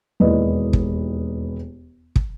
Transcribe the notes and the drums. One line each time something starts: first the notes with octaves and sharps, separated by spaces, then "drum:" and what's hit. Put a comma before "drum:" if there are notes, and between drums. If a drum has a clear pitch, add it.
E1 D#2 E4 B4 D5 D#5
drum: kick
drum: kick